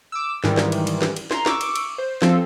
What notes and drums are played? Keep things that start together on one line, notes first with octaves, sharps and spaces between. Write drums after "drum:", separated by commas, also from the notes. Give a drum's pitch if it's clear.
D6 E6
G#2 D#3 E3 G3 G#3, drum: snare
drum: snare
drum: cymbal
drum: cymbal
drum: snare
drum: cymbal
A#5 C6, drum: snare
C#6 D6 E6, drum: snare
drum: cymbal
drum: cymbal
C5
F3 C4 F4 A4, drum: snare